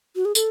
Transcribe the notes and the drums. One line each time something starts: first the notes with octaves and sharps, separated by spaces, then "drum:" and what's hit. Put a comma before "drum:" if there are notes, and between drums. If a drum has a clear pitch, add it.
F#4
G#4
A4, drum: tambourine